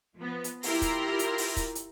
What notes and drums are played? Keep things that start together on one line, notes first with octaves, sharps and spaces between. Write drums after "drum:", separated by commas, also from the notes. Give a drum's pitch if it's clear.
F3 B3
drum: hi-hat
E4 F4 G4 A#4 A#5 C6, drum: open hi-hat
drum: kick, hi-hat
drum: hi-hat
drum: open hi-hat
drum: kick, hi-hat
drum: hi-hat